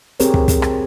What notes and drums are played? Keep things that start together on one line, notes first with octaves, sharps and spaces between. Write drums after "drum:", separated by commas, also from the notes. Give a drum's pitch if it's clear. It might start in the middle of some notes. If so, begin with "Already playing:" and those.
C4 G4 G#4 A#4 C5 C#5, drum: hi-hat
drum: kick
drum: kick, hi-hat
drum: rim click